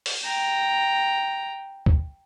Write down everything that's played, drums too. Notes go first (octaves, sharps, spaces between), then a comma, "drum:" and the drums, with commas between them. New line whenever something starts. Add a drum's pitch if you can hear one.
drum: open hi-hat
G5 A#5
drum: kick